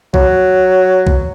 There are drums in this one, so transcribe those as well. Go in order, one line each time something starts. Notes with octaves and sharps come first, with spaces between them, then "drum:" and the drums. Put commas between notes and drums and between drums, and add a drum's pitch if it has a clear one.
F#3, drum: kick B1
drum: kick B1